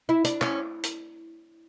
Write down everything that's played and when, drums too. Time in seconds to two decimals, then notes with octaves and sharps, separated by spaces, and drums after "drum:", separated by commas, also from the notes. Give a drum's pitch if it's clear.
0.09 E4
0.25 D4, drum: hi-hat
0.41 C#4, drum: clap
0.83 drum: hi-hat